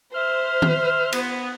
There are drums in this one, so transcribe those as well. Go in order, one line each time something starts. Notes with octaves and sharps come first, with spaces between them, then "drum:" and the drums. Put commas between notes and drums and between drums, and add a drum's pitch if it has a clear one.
C5 E5 F6
drum: tom D#3
B3, drum: cymbal